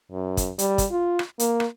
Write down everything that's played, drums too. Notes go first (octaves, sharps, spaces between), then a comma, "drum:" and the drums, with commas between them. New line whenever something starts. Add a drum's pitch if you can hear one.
F#2
drum: kick, hi-hat
G3, drum: hi-hat
drum: kick, hi-hat
F4
drum: rim click
A#3, drum: hi-hat
drum: rim click